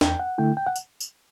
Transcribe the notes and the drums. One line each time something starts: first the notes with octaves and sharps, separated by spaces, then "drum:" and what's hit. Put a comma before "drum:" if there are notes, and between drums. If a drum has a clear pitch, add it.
E2 G5, drum: snare D4
F#5
D3 A3 E4 G5
G5
F#5
drum: tambourine
drum: tambourine